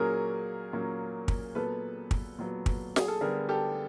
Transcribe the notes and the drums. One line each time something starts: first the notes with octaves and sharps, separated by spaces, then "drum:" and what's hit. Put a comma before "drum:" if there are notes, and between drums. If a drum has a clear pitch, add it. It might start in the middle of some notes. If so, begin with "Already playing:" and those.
Already playing: A#2 F#3 A#3 C#4 G#4 A#4
A#2 F#3 A#3 C#4
drum: kick
A#2 F#3 B3 A4 B4
drum: kick
A#2 F#3 B3
drum: kick
G#4, drum: snare
A4
D3 G3 B3 G#4 A#4
G4 A4